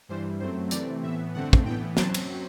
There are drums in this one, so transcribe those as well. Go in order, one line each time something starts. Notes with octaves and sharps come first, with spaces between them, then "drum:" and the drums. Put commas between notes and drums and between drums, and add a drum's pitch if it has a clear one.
G2 E3 G3 C5
F#2 F#3 A3 C4 C5
C3 E3 A3 C4 D5, drum: hi-hat
A2 E3 B3 E5
G2 D3 A3 C4 F#5
drum: kick
A2 E3 B3 G5
F#2 F#3 C4 A5, drum: snare
drum: cymbal